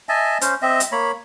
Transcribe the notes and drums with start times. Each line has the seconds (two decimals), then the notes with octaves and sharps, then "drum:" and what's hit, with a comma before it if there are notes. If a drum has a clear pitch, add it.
0.09 D#5 E5 G#5 A5
0.41 C#4 C5, drum: hi-hat
0.62 C4 D#5 E5
0.80 drum: hi-hat
0.92 A#3 C#5 B5